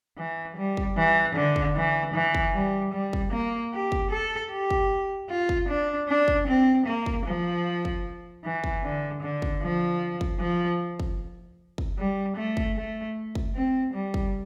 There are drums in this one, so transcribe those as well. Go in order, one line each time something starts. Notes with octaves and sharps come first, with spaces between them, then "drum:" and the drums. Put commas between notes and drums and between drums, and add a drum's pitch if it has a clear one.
E3
G3
drum: kick
E3
D3
drum: kick
E3
E3
drum: kick
G3
G3
drum: kick
A#3
G4
drum: kick
A4
G4
drum: kick
F4
drum: kick
D4
D4
drum: kick
C4
A#3
drum: kick
F3
drum: kick
E3
drum: kick
D3
D3
drum: kick
F3
drum: kick
F3
drum: kick
drum: kick
G3
A3
drum: kick
A3
drum: kick
C4
G3
drum: kick